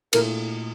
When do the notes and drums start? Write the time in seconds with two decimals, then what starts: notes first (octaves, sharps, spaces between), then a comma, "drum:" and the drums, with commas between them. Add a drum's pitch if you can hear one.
0.13 A#2 A3 E4 A4 A#4, drum: cymbal